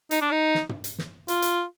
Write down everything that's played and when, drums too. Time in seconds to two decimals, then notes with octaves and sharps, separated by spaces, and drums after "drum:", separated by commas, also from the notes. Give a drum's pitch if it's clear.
0.11 D#4, drum: hi-hat
0.21 D4
0.31 D#4
0.55 drum: snare
0.69 drum: tom
0.84 drum: hi-hat
0.98 drum: snare
1.28 F4, drum: hi-hat
1.42 drum: hi-hat